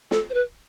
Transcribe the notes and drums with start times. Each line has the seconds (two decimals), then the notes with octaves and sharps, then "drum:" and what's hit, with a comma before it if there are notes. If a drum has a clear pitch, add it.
0.11 A4, drum: snare
0.30 C5
0.34 B4